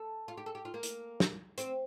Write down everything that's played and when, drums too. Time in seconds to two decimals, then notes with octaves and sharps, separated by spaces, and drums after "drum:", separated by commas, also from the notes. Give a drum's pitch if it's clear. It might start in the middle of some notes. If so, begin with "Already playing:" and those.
Already playing: A4
0.28 F4
0.38 G4
0.46 A4
0.55 G4
0.65 F4
0.74 A#3
0.83 drum: hi-hat
1.20 drum: snare
1.58 C4, drum: hi-hat